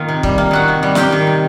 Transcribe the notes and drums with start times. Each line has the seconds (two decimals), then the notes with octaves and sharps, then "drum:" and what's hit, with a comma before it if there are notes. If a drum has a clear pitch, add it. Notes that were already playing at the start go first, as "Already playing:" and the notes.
Already playing: D#3 A#3 F4
0.09 C3
0.23 G3, drum: kick
0.38 A#3
0.51 D#3 F#4 F#5
0.68 C3
0.83 G3
0.95 A#3 G4 G5, drum: snare
1.12 D#3
1.27 C3